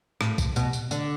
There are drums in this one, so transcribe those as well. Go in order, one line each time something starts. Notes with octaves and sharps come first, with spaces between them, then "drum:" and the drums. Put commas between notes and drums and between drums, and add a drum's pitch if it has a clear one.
A2, drum: rim click
drum: kick, tambourine
B2, drum: tambourine
drum: tambourine
D3, drum: tambourine